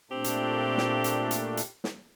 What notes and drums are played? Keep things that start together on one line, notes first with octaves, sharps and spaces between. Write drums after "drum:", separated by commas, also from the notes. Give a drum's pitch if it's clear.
A#2 A3 C4 D4 G4
drum: hi-hat
drum: snare
drum: hi-hat
drum: hi-hat
drum: hi-hat
drum: snare